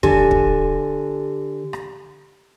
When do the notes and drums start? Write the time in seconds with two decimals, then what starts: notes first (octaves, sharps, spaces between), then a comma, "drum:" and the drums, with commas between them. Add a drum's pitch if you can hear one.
0.03 D3 G4 A4 G#5, drum: kick
0.31 drum: kick
1.73 drum: rim click